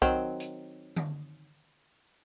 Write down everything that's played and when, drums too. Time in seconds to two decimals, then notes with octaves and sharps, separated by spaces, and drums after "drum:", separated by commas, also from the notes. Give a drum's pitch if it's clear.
0.02 D#3 F#3 C4, drum: kick B1
0.40 drum: hi-hat
0.96 drum: tom D3